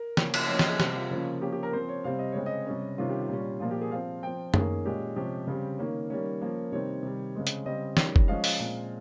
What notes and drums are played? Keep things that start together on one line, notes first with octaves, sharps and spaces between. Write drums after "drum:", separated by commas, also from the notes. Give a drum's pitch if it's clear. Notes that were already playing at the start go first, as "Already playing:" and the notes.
Already playing: A#4
C#3 F3 A#3 C#4, drum: snare
drum: cymbal
F3 A#3 C#4 C#5
D#5, drum: snare
G#4
C3 G3 C4 G4, drum: snare
F4
C#3 F3 A#3 C#4
F3 A#3 C#4 G4
G4
A#4
F3 C4 C5
C#5
C3 G3 C4 F5
D#5
C#3 G#3 C4 C#5
D#5
C3 G3 C#4
C3 D#3 G3 C#4 F4
G4
F4
A#2 G3 C#4
A#2 F3 A#3 F4
G4
G#4
F3 C4 F5
F3 C4 G5
D#3 A#3 C#4 G#4, drum: tom F#2
A#2 G#3 C#4 G4
C3 F3 G#3 C#4 G4
C#3 G3 C4
D#3 A#3 C#4
D#3 G3 A#3 C#4 C#5
F3 A#3 C#4
C3 D#3 G3 C4 C#5
C3 D#3 G3
C#3 G#3 C4
drum: hi-hat
C#3 G3 C4 D#5
D#3 G3 C#4, drum: snare
drum: kick
F3 G#3 C#4 F5
F5, drum: open hi-hat
A#2 G#3 C4